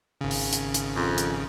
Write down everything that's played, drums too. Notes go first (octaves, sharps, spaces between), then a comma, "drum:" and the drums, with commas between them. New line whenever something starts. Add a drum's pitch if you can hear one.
G#1 C#3
drum: open hi-hat
drum: hi-hat
drum: hi-hat
F2
drum: hi-hat